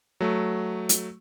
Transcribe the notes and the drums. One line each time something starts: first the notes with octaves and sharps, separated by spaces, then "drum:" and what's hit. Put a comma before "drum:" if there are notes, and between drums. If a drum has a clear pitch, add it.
F#3 A3
drum: hi-hat